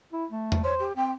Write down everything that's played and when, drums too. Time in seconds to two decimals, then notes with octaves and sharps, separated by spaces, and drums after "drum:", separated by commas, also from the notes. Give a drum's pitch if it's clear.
0.13 E4
0.32 A3
0.52 drum: tom E2
0.64 C5 C#5
0.79 G4
0.96 C4 G5